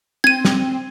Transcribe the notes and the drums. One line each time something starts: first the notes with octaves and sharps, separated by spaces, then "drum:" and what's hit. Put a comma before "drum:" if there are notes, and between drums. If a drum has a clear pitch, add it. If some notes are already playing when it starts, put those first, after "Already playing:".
C4 G#6 D#7
drum: snare